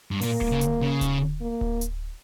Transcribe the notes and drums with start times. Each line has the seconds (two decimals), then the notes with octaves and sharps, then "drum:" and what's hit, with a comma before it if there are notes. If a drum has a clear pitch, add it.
0.11 G2
0.21 A#2 A#3, drum: open hi-hat
0.41 drum: kick D1
0.51 C#3
0.61 drum: hi-hat
0.81 C#3
1.01 drum: kick D1, hi-hat
1.41 A#3
1.61 drum: kick D1
1.81 drum: hi-hat